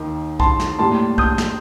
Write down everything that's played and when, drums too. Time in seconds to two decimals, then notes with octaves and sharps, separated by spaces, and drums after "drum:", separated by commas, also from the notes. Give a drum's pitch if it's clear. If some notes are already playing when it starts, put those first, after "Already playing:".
Already playing: D#2 D#3
0.40 A5 C6, drum: kick B1
0.60 drum: snare
0.79 A2 G3 A#3 A5 C6
1.18 D#6 G6, drum: kick B1
1.38 drum: snare